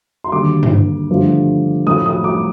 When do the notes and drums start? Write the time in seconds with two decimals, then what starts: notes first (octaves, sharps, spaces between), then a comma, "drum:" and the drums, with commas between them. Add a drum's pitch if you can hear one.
0.24 C6
0.32 D#2 D3 G3 D6
0.63 drum: tom G2
1.10 G2 D3 F3 A3
1.86 A2 F3 A3 D#6
2.06 D#6
2.24 D6